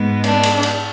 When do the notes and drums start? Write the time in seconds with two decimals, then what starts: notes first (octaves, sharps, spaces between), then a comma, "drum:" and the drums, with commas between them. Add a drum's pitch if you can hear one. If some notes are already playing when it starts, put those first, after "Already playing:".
Already playing: G#2 G#3 B3
0.24 D4, drum: cymbal
0.43 drum: cymbal
0.63 drum: cymbal